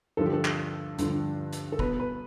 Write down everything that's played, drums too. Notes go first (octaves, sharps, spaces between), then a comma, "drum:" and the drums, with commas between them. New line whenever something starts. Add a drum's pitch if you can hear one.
G2 D3 F3 A4
G4
A4
drum: clap
G2 D3 F3, drum: hi-hat
drum: hi-hat
A4
B2 B3 B4, drum: kick
B4